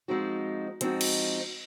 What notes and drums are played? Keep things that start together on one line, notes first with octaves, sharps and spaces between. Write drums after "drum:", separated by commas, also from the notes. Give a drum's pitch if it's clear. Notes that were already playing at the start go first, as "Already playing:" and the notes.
F3 G#3 C4 D#4 F#4
F3 G#3 C4 D#4 F#4, drum: hi-hat
drum: cymbal